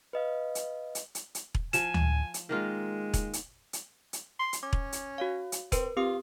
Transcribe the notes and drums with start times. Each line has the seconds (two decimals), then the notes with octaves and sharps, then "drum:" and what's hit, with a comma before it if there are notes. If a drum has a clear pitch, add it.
0.13 B4 D#5 F5
0.55 drum: hi-hat
0.95 drum: hi-hat
1.15 drum: hi-hat
1.35 drum: hi-hat
1.55 drum: kick E1
1.73 F3 G#5 E7, drum: hi-hat
1.94 drum: tom D2
2.34 drum: hi-hat
2.49 D#3 G#3 A#3 F4
3.14 drum: kick E1, hi-hat
3.33 drum: hi-hat
3.73 drum: hi-hat
4.13 drum: hi-hat
4.40 C6
4.53 drum: hi-hat
4.63 C#4 D6
4.73 drum: kick E1
4.92 drum: hi-hat
5.18 F#4 C#5 F5
5.52 drum: hi-hat
5.72 C4 A#4 B4, drum: kick E1, hi-hat
5.97 C4 F4 G4 D#6